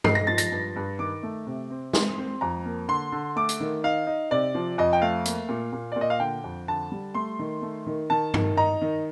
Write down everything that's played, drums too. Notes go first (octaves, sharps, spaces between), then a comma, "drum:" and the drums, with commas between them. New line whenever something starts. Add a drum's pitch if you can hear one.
D#4 C7, drum: tom G2
A#6
F3 A6
A#6, drum: hi-hat
G2
G2
D#3 D6
A3
C3
C4
C4 C6, drum: snare
C4
F2 A#5
A#3
D3 C6
D3
A3 D6
drum: hi-hat
D#3
D#4 F5
D#4
C3 D5
F3
F2 D#5
G5
A3 F5
A#3, drum: hi-hat
A#2
A#2
A#2 D5
D#5
F5
D3 G5
F2
D3 A5
G3
A3 C6
D#3
A3
D#3
D#3 A5
D#3, drum: tom G2
D#4 A#5
D#3